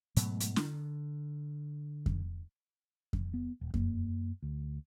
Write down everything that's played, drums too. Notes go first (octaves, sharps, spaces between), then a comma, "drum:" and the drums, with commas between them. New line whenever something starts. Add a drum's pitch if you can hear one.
G#2 B2 F#3 A3, drum: hi-hat
drum: hi-hat
D3, drum: snare
drum: kick F2
drum: kick F2
B3
D#1
F#2 A#3, drum: kick F2
D2